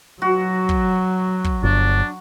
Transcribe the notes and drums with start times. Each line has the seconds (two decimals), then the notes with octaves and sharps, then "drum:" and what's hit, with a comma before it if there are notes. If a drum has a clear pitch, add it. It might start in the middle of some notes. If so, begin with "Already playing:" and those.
0.22 F#3 F#4
0.69 drum: kick
1.44 drum: kick
1.63 G1 D4